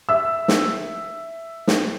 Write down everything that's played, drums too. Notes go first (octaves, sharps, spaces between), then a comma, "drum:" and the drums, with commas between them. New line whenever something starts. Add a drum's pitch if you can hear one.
E5 E6
drum: snare
drum: snare